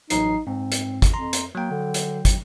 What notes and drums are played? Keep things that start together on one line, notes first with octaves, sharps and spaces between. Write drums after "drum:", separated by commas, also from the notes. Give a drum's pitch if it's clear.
A1 F#3 D#4 C7, drum: hi-hat
G#2 C4
drum: hi-hat
drum: kick, hi-hat
F2 A#5 C6
drum: hi-hat
F#3 A#3 G5
D3
drum: hi-hat
drum: kick, hi-hat